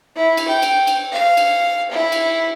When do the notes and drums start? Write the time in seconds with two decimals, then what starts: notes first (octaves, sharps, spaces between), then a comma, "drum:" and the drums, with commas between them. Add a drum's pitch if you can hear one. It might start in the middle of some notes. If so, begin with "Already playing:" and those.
0.16 E4
0.37 drum: cymbal
0.48 G5
0.62 drum: cymbal
0.87 drum: cymbal
1.12 F5
1.37 drum: cymbal
1.91 E4
2.12 drum: cymbal